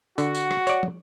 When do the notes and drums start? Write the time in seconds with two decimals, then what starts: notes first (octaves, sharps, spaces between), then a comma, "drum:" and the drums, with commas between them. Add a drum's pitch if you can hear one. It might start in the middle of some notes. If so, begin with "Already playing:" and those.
0.18 D3 F#4 F#5, drum: tambourine
0.35 drum: tambourine
0.51 drum: rim click
0.67 C#5 D5, drum: tambourine
0.83 drum: tom